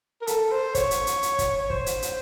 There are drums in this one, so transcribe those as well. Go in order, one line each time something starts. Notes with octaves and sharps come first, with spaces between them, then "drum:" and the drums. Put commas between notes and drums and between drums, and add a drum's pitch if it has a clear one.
A#4
A4, drum: hi-hat
C5
C#5, drum: kick, hi-hat
drum: hi-hat
drum: hi-hat
drum: hi-hat
drum: kick, hi-hat
C#5
C5, drum: kick
drum: hi-hat
drum: hi-hat